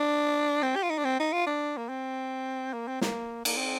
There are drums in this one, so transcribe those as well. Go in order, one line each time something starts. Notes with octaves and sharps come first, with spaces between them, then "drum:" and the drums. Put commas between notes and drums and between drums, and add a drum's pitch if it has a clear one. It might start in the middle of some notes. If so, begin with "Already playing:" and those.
Already playing: D4
C4
G4
F4
D#4
D4
C4
D#4
F4
D4
A#3
C4
A#3
C4
A#3, drum: snare
A#3, drum: cymbal
C4